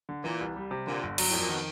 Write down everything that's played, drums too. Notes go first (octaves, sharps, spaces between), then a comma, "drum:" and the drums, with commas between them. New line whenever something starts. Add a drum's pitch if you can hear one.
D3
A#2 E3
C2
G3
C3
A#2 D3
G1
F#3, drum: cymbal
F2 A2
A#2
B2 D#3